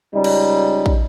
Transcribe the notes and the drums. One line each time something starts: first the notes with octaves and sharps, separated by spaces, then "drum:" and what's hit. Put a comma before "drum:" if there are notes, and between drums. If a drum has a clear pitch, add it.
C#2 G3 C#4 D#4
drum: cymbal
drum: kick